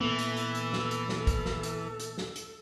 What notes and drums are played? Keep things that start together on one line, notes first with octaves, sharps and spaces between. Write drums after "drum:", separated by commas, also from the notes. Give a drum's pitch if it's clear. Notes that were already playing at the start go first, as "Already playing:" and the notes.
A#2 E3 A#3 B3 A4
drum: hi-hat
drum: hi-hat
drum: hi-hat
drum: snare
drum: hi-hat
drum: snare
drum: kick, hi-hat
drum: snare
drum: hi-hat
drum: hi-hat
drum: snare
drum: hi-hat